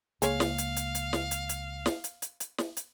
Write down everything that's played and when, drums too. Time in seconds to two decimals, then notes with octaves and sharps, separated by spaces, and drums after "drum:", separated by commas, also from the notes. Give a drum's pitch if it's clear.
0.22 C#2 A#3 G#4 C#5 F5, drum: hi-hat
0.40 drum: snare
0.58 drum: hi-hat
0.76 drum: hi-hat
0.95 drum: hi-hat
1.13 drum: snare
1.31 drum: hi-hat
1.49 drum: hi-hat
1.86 drum: snare
2.04 drum: hi-hat
2.22 drum: hi-hat
2.40 drum: hi-hat
2.58 drum: snare
2.77 drum: hi-hat